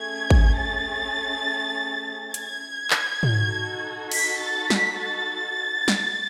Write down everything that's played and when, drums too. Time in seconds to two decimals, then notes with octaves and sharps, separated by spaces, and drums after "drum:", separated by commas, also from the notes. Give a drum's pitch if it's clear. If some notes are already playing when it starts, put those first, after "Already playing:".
Already playing: A3 C#4 G#4 G#6
0.30 drum: kick G#1
0.57 A6
2.34 G#6, drum: hi-hat
2.90 drum: clap
3.23 D#4 F#4 A4, drum: tom
4.11 B6, drum: cymbal
4.40 A6
4.70 B6, drum: snare
5.00 A6
5.88 drum: snare